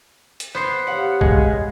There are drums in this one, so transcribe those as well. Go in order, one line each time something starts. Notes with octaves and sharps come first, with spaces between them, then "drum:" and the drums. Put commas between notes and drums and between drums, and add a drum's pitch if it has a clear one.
drum: hi-hat
B3 C5 C6 C7
G4 C#5 F5 F#5
G#3, drum: kick B1